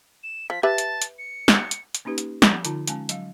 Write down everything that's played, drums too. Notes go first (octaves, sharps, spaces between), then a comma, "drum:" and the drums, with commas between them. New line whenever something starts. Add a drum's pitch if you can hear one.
E7
F3 B6
G4 B4 E5 A5
drum: hi-hat
drum: hi-hat
C#7
drum: snare
drum: hi-hat
drum: hi-hat
A#3 C#4 D#4 G4 B4
drum: hi-hat
F3, drum: snare
D3 D#4 F4 A5 A#5, drum: hi-hat
G#3 C#4 G#5 A5, drum: hi-hat
F#3 F5, drum: hi-hat